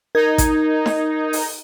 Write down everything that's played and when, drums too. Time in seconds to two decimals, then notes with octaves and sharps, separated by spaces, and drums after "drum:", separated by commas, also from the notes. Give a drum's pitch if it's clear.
0.15 D#4 A#4 G#6
0.38 drum: kick A1, hi-hat
0.86 drum: snare D#4
1.33 drum: open hi-hat